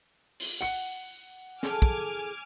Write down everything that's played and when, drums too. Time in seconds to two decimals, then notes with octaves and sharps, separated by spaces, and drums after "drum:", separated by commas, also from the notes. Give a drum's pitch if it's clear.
0.40 drum: open hi-hat
0.61 F#5 C#7
1.63 E2 G#4 A4 G#5 D6 F6, drum: snare
1.82 drum: kick